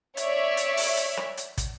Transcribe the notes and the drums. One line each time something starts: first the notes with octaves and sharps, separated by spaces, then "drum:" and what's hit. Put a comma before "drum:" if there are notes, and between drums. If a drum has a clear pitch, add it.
C#5 D5 E5, drum: hi-hat
drum: hi-hat
drum: open hi-hat
drum: hi-hat
drum: rim click
drum: hi-hat
drum: kick, hi-hat